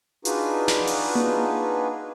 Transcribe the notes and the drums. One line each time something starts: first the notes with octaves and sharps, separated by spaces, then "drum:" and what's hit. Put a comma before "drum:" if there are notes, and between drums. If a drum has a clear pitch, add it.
D4 D#4 F4 F#4 G#4 B4, drum: hi-hat
drum: snare
drum: open hi-hat
drum: tom A#3